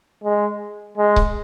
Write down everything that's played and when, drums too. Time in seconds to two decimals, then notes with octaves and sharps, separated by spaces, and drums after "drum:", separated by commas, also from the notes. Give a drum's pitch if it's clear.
0.24 G#3
0.98 G#3
1.16 drum: kick C#1